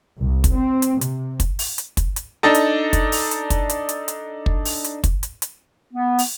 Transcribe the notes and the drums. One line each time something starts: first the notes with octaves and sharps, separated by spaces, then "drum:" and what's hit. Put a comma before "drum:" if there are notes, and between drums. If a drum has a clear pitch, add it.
C2
drum: kick, hi-hat
C4
drum: hi-hat
C3, drum: hi-hat
drum: kick, hi-hat
drum: open hi-hat
drum: hi-hat
drum: kick, hi-hat
drum: hi-hat
D4 D#4 A4
drum: hi-hat
drum: kick, hi-hat
drum: open hi-hat
drum: hi-hat
drum: kick, hi-hat
drum: hi-hat
drum: hi-hat
drum: hi-hat
drum: kick
drum: open hi-hat
drum: hi-hat
drum: kick, hi-hat
drum: hi-hat
drum: hi-hat
B3
drum: open hi-hat